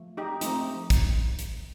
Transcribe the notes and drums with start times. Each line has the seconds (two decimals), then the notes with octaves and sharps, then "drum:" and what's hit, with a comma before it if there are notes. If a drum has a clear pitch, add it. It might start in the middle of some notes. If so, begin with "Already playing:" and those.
Already playing: F3 A3
0.17 D#4 G4
0.41 F3 A3 C4 D#4, drum: hi-hat
0.90 drum: kick, hi-hat
1.39 drum: hi-hat